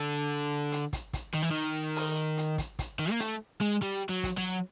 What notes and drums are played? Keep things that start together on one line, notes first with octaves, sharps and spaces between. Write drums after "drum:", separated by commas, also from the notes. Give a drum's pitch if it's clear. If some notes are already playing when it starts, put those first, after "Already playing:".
Already playing: D3
drum: hi-hat
drum: kick, hi-hat
drum: kick, hi-hat
D#3
E3
D#3
drum: open hi-hat
drum: hi-hat
drum: kick, hi-hat
drum: kick, hi-hat
D#3
A#3
A3, drum: hi-hat
G#3
G3
F#3
drum: kick, hi-hat
F#3